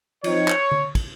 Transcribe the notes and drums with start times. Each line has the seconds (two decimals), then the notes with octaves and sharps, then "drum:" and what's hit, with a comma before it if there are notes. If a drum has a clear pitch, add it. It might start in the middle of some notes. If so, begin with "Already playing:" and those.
0.24 F3 C4 D#4 C#5, drum: cymbal
0.48 drum: clap
0.72 drum: tom D3
0.95 drum: kick, cymbal